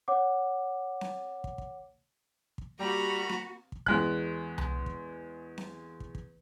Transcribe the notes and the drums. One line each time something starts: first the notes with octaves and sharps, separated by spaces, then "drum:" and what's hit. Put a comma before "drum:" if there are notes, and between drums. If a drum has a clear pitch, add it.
C#5 F#5 D6
drum: snare C4
drum: kick
drum: kick
drum: kick
G3 A#3 F#4 A#5 B5
drum: snare C4
drum: kick
E2 G#3 F#6, drum: kick
drum: tom C2
drum: kick
drum: snare C4
drum: kick
drum: kick